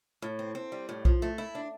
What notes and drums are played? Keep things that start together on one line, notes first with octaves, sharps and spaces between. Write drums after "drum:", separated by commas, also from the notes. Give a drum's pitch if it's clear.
A2
C4
C4
G3
A2
F3, drum: kick B1
A3
E4
D4